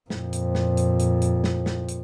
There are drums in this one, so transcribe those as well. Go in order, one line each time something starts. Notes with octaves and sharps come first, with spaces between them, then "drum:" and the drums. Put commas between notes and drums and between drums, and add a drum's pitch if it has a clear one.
F2 A#2, drum: snare
drum: hi-hat
drum: snare
drum: hi-hat
drum: hi-hat
drum: hi-hat
drum: snare
drum: snare
drum: hi-hat